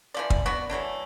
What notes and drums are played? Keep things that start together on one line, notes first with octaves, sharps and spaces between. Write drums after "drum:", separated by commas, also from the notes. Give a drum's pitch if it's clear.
E3 F3 D5
drum: kick
B3 D4 F#4
E3 F#3 A3 D4